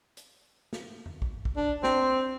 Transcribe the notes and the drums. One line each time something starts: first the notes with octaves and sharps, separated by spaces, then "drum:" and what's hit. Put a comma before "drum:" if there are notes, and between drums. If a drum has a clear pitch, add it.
drum: hi-hat
drum: snare
drum: tom E2
drum: kick
drum: kick
D4
C4, drum: snare